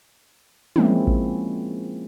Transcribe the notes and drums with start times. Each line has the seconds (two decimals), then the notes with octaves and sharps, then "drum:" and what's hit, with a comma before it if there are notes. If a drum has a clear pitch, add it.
0.76 F3 G#3 A#3 C4 C#4 E4, drum: tom
1.07 drum: kick A1